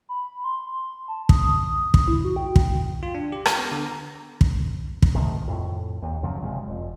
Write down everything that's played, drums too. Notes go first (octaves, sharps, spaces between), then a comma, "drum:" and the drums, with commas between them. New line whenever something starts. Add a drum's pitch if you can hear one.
B5
C6
A5
D#6, drum: kick
drum: kick
E4
F#4
G5
drum: kick
F4
D4
G4
F6, drum: rim click
B3
D3
A#5
drum: kick
drum: kick
C3 D#3 F#3 A3
F2 A2
D#2
F#2 C#3 F3 F#3
G#1 C3 F3 G#3
F1